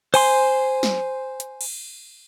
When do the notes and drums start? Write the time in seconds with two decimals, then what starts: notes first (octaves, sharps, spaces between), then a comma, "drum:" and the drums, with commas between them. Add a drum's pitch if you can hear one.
0.14 C5 G#5 C6, drum: cymbal
0.83 drum: snare
1.40 drum: hi-hat
1.61 drum: cymbal